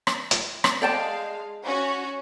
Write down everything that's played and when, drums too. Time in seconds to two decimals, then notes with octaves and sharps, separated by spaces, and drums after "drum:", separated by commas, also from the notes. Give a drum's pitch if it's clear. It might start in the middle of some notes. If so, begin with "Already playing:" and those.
0.07 drum: rim click
0.31 drum: hi-hat
0.64 drum: rim click
0.82 G#3 D5 F5 G5 A5
1.64 C#4 F#4